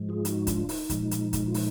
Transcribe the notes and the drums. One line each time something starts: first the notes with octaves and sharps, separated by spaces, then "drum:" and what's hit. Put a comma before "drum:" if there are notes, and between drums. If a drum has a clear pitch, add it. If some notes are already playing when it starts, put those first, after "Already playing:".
Already playing: G#2 F3 G#3
F4 G#4
D#4 F#4, drum: hi-hat
D4 F4, drum: kick, hi-hat
D#4, drum: open hi-hat
A#2 F3 G#3, drum: kick, hi-hat
drum: hi-hat
drum: kick, hi-hat
F4
D#4, drum: open hi-hat